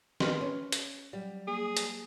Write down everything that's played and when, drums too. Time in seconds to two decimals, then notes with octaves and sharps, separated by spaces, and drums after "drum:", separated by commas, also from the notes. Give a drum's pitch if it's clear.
0.20 D#3 B3 C6 F6, drum: snare
0.41 C#4
0.72 drum: hi-hat
1.13 F#3 G3
1.47 A#3 G#4
1.77 drum: hi-hat